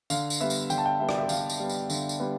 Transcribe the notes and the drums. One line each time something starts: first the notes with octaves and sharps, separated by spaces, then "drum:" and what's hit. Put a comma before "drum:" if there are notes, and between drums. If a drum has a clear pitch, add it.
D3 F5, drum: tambourine
drum: tambourine
G3 B3 E5
drum: tambourine
D3 G5, drum: tambourine
A5
G5
G3 B3 E5
D5, drum: rim click
E5
D3 F5, drum: tambourine
drum: tambourine
G3 B3
drum: tambourine
D3, drum: tambourine
drum: tambourine
G3 B3